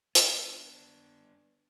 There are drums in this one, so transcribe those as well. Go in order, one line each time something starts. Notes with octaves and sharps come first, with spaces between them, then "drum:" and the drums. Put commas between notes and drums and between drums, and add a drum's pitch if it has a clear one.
B3 D4, drum: hi-hat